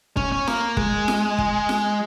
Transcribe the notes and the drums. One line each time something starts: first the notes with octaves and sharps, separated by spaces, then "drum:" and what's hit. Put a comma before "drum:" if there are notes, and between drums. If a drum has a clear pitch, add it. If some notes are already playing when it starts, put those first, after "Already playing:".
C#4, drum: kick
C#4
A#3, drum: snare F4
G#3, drum: kick
drum: snare F4
drum: kick
drum: snare F4